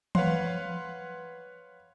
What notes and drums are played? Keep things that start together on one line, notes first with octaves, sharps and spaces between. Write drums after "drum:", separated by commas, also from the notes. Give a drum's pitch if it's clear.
B4 C#5 F5 F#5 C6, drum: tom E3